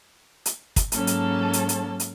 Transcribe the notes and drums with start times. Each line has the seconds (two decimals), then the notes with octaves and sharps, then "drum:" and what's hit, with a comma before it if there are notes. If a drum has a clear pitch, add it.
0.46 drum: hi-hat
0.76 drum: kick, hi-hat
0.92 G#2 F#3 A#3 C#4 A4 A5, drum: hi-hat
1.07 drum: hi-hat
1.53 drum: hi-hat
1.69 drum: hi-hat
2.00 drum: hi-hat